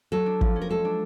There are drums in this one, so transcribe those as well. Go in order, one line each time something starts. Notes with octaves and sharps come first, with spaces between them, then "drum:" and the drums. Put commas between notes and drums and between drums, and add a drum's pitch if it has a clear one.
F#3 A4
D4
F3, drum: kick
C#4
A#4
G#3 A4
D4